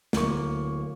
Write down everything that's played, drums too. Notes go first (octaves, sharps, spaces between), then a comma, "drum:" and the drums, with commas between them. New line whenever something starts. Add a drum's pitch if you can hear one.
D1 A#3 C#6, drum: snare